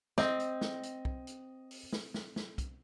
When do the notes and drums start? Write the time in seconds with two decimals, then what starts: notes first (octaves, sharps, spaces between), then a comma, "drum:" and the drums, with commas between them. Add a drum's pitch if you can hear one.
0.18 C4 D#5, drum: snare
0.40 drum: hi-hat
0.61 drum: snare
0.83 drum: hi-hat
1.05 drum: kick
1.27 drum: hi-hat
1.71 drum: open hi-hat
1.93 drum: snare
2.14 drum: snare
2.36 drum: snare
2.58 drum: kick, hi-hat